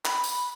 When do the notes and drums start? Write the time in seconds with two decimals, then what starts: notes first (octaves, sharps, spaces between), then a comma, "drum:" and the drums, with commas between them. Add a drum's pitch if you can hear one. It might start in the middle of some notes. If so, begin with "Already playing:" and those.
0.05 B5, drum: clap
0.24 drum: tambourine